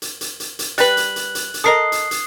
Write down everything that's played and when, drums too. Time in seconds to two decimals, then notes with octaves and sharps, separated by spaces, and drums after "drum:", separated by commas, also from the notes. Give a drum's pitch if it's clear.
0.02 drum: hi-hat
0.21 drum: hi-hat
0.40 drum: hi-hat
0.59 drum: hi-hat
0.78 G3 B4 F#6 F#7, drum: hi-hat
0.97 drum: hi-hat
1.16 drum: hi-hat
1.35 drum: hi-hat
1.54 drum: hi-hat
1.64 A4 A#4 D#5 D#6 C7
1.92 drum: hi-hat
2.11 drum: hi-hat